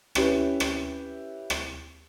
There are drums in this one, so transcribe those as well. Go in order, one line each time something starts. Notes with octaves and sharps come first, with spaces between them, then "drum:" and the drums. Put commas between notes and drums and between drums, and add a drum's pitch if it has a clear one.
C#4 E4 G4 B4, drum: rim click
drum: rim click
drum: rim click